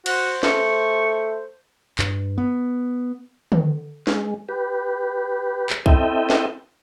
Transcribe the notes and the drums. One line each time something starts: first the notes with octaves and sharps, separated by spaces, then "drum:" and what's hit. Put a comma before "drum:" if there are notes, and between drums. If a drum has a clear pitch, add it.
F#4 C5, drum: cymbal
A3 C#6, drum: snare
G2, drum: clap
B3
drum: tom D3
G#3, drum: snare
G4 B4
drum: clap
C4 E4 A4 D#5 E5 G5, drum: kick
drum: snare